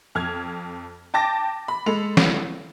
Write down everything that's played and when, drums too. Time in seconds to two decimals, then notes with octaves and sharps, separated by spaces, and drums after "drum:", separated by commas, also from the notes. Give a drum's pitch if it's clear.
0.15 F2 F6 G#6
1.14 G5 A5 D6 A6 A#6
1.68 B5
1.86 G#3 A4 B5 F7
2.17 drum: snare